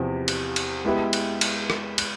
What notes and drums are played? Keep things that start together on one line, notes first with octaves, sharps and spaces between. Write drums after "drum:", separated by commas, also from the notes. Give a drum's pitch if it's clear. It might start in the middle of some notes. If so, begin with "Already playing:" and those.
Already playing: E2 C3 F3
drum: cymbal
drum: cymbal
G#3 B3 E4 G4 B4
drum: cymbal
drum: cymbal
drum: rim click
drum: cymbal